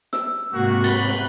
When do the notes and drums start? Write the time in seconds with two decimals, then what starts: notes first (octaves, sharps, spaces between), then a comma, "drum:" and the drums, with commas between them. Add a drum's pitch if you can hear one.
0.13 E6, drum: snare
0.53 G#2 C3 A#3 F#4
0.84 B4 A6, drum: cymbal
1.08 drum: snare